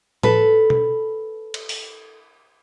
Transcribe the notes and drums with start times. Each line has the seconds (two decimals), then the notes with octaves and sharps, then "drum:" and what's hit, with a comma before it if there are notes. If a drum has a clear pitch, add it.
0.23 A4 B4, drum: tom A2
0.70 drum: tom B2
1.54 drum: cymbal
1.69 drum: open hi-hat